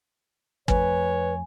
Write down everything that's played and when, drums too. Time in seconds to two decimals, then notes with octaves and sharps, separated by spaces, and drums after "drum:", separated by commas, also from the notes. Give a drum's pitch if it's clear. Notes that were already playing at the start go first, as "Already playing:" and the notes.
0.68 F2 F3 A3 B4 C#5 G#5, drum: kick